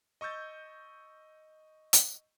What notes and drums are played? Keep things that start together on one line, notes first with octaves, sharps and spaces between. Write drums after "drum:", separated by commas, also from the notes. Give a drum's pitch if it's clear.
D#5 C#6 E6 G6 A6
drum: hi-hat